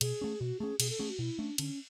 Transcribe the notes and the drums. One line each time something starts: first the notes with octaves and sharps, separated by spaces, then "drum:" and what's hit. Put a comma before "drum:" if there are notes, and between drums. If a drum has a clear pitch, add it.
B2 G#4, drum: cymbal
A3 C#4
B2 F#4
A3 C#4 G#4
B2 G#4, drum: cymbal
A4
A3 C#4 G#4
F#4
B2 E4
A3 C#4 D4
D3 C#4, drum: cymbal